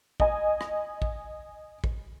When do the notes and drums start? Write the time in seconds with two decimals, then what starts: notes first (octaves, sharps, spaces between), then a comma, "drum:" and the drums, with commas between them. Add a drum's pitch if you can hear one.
0.20 D#5 G#5, drum: kick
0.61 drum: rim click
1.02 drum: kick
1.84 drum: kick